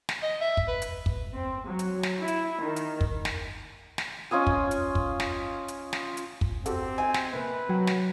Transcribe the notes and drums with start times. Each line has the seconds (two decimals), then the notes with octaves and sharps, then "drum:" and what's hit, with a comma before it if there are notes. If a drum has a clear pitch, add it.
0.09 drum: snare
0.23 D#5
0.41 E5
0.57 drum: kick
0.68 B4
0.82 drum: hi-hat
1.06 drum: kick
1.35 C4
1.68 F#3
1.79 drum: hi-hat
2.03 drum: snare
2.19 E4
2.28 drum: hi-hat
2.61 D#3
2.76 drum: hi-hat
3.01 drum: kick
3.25 drum: snare
3.98 drum: snare
4.31 C#4 F4 D#5 G#5
4.47 drum: kick
4.71 drum: hi-hat
4.95 drum: kick
5.20 drum: snare
5.68 drum: hi-hat
5.93 drum: snare
6.17 drum: hi-hat
6.41 drum: kick
6.66 C4 F#4 G4 A4, drum: hi-hat
6.98 D#5 G5 G#5
7.14 drum: snare
7.32 C3 A#3 B4
7.69 F#3 G5
7.87 drum: snare